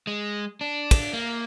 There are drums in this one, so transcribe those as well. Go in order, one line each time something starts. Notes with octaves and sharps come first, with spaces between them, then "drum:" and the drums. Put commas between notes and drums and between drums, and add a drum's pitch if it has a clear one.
G#3
D4
drum: kick, cymbal
A#3